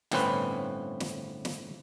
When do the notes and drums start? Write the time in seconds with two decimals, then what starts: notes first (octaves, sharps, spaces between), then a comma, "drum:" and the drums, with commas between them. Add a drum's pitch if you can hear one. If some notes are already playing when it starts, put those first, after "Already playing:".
0.11 G1 A2 C4 C#4 B4, drum: snare
1.00 drum: snare
1.45 drum: snare